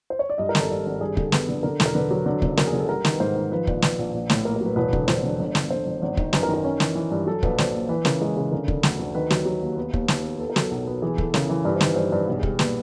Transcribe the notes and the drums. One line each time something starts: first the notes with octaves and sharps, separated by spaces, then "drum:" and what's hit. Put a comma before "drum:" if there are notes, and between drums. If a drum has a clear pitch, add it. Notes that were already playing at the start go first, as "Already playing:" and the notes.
C5
C#5
D5
G2 D#5
A#4
G#1 A4, drum: snare
G2
G#1
G2 G#4
D3 A4, drum: kick
B3, drum: snare
D3
D3 A#4
E1, drum: snare
A#4
D3 B4
F#3
D3
F#1, drum: kick
F#1 A#4, drum: snare
G#4
F#1
A4
G3 A#4
D#3, drum: snare
B4
G#2 C5
D#3
F3 B4
A#1, drum: kick
A#1 B4, drum: snare
A#1
A#1
A2, drum: snare
A#3 A#4
A#4
F#3 B4
E1 B4
D3, drum: kick
E1 C5, drum: snare
D3
G1
G1, drum: snare
D3 C5
G1
G#1
D#3, drum: kick
F#2 B4, drum: snare
A#4
D#3
A#4
C#4
E3, drum: snare
E3
G2
F#3 A4
A#1 B4, drum: kick
A#1 C5, drum: snare
A#2
E3 B4
C#3 A#4, drum: snare
G#3 A#4
C#3
D3 A#4
D3, drum: kick
D2, drum: snare
D2
D#3 B4
F#3, drum: snare
F#3
D#2
B3 B4
D#2, drum: kick
D#2, drum: snare
B3
B3 A4
A#4
F#3 A4, drum: snare
B1
B3
E3 G#4
E3 A4, drum: kick
C#3 A#4, drum: snare
E3
G2 B4
C5
D#3 B4, drum: snare
G2 C5
G2 B4
B1
G#4
G3, drum: kick
A#2 B4, drum: snare